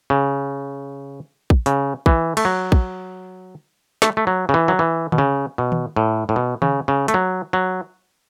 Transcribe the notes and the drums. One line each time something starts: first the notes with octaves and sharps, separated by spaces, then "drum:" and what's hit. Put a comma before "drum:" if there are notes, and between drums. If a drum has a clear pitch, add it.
C#3
drum: kick
C#3, drum: hi-hat
E3, drum: kick
A3, drum: cymbal
F#3
drum: kick
A3, drum: snare
A3
F#3
C#3
E3
F#3
E3
B2, drum: tom D3
C#3
B2
drum: tom D#3
A2
A2
B2
C#3, drum: tom D#3
C#3
A3, drum: hi-hat
F#3
F#3